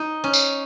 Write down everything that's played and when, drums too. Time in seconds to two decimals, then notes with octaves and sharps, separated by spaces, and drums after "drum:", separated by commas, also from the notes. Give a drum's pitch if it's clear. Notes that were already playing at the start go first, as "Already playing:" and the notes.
Already playing: D#4
0.24 C#4
0.33 drum: tambourine